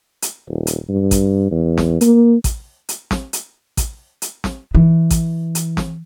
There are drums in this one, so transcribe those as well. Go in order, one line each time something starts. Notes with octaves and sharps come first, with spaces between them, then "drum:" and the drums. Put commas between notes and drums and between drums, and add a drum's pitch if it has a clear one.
drum: hi-hat
D#1
drum: hi-hat
G2
drum: kick A1, hi-hat
E2
drum: snare
A#3, drum: hi-hat
drum: kick A1, hi-hat
drum: hi-hat
drum: snare
drum: hi-hat
drum: kick A1, hi-hat
drum: hi-hat
drum: snare
E3
drum: kick A1, hi-hat
drum: hi-hat
drum: snare